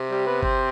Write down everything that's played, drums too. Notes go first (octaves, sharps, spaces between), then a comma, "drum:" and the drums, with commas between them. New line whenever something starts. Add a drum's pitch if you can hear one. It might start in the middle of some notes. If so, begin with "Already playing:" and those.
Already playing: C3
G3 G4
B3 B4
C4 C5, drum: kick G1